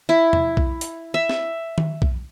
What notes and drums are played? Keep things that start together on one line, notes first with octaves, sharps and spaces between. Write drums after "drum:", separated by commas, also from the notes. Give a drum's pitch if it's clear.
E4
drum: tom
drum: kick B1
drum: hi-hat
E5
drum: snare
drum: tom D#3
drum: kick B1